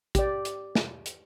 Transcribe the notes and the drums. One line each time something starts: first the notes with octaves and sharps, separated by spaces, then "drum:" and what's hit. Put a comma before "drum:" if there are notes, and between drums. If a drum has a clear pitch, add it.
G4 D5, drum: kick, hi-hat
drum: hi-hat
drum: snare
drum: hi-hat